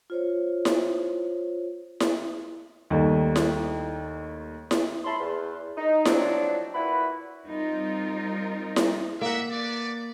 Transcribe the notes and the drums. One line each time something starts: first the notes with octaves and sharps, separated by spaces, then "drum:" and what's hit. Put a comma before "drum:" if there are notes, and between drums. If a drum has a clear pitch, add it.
F4 C5 C#5
drum: snare E4
drum: snare E4
D#2 D#3 G3 A3
drum: snare E4
drum: snare E4
C#5 E5 A5 B5 C6
E2
D#4
F3 F#3 C4 D4, drum: snare E4
A#2 E4 F#4 B4 B5
G3 C4 D#4 F4 A#4
drum: snare E4
A#3 D#5 E5 F#5
B3 D5